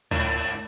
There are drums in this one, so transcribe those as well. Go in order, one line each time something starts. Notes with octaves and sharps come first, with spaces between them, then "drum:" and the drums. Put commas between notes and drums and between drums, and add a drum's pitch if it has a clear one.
G#2, drum: tom D2